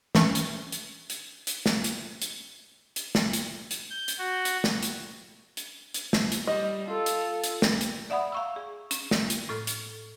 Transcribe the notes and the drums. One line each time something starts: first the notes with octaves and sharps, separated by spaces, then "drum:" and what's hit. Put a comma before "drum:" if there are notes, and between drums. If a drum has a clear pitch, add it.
E3 A3 C#4, drum: snare
drum: hi-hat
drum: hi-hat
drum: hi-hat
drum: hi-hat
drum: snare
drum: hi-hat
drum: hi-hat
drum: hi-hat
drum: snare
drum: hi-hat
drum: hi-hat
G6
drum: hi-hat
F#4
drum: hi-hat
drum: snare
drum: hi-hat
drum: hi-hat
drum: hi-hat
drum: snare
drum: hi-hat
G3 D#5
F4 A4
drum: hi-hat
drum: hi-hat
drum: snare
drum: hi-hat
D5 E5 F#5 B5 D#6
F5 C#6 E6
G#4
C#4, drum: hi-hat
drum: snare
drum: hi-hat
A2 A4 F6
drum: hi-hat